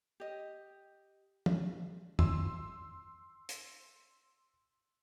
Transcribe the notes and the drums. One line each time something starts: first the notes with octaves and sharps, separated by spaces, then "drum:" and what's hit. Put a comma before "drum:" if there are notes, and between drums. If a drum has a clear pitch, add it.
G4 D#5
drum: tom
C6 E6, drum: tom F2
drum: hi-hat